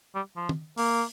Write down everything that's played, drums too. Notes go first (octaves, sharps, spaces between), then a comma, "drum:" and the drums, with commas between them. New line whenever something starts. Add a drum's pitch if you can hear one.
G3
F3
drum: tom
A#3, drum: open hi-hat